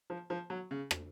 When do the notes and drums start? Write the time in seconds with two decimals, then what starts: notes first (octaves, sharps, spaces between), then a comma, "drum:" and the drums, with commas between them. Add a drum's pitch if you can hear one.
0.10 F3
0.30 F3
0.50 F#3
0.71 C#3
0.91 drum: rim click